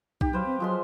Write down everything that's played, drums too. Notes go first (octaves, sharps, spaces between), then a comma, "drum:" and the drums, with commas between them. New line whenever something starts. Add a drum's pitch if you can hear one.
D#4 G4, drum: kick
F#3 B4 C5 F5
C4
F3 F#3 G#3 C6